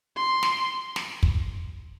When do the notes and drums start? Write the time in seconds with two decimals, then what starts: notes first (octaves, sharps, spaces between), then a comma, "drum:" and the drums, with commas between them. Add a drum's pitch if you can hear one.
0.16 C6
0.43 drum: snare
0.96 drum: snare
1.23 drum: kick